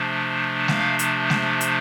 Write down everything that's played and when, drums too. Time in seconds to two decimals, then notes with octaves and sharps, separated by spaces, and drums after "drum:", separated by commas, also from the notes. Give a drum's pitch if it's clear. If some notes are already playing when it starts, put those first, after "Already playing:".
Already playing: C3 F3 A3 D4
0.68 F5, drum: snare G#3
0.99 drum: hi-hat
1.30 drum: snare G#3
1.61 drum: hi-hat